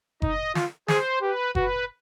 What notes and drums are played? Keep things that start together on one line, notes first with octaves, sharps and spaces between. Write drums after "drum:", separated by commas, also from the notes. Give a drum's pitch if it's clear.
D#4 D#5, drum: kick F#1
F4, drum: snare
G#4 C5, drum: snare
G4 B4
F#4 B4, drum: kick F#1